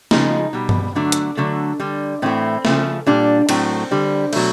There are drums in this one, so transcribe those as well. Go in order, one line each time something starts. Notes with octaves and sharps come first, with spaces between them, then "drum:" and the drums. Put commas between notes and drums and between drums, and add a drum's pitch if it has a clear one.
C#3 F3 G#3 D#4, drum: snare
B2 G3
drum: tom G2
D3 F#3 A3 D4
drum: hi-hat
D3 F#3 A3
D3 G3
A2 E3 A3 C4
C#3 F3 A3, drum: snare
A#2 G3 D4
A2 F#3 A3 C4, drum: cymbal
D3 G3
B2 F#3 A3, drum: cymbal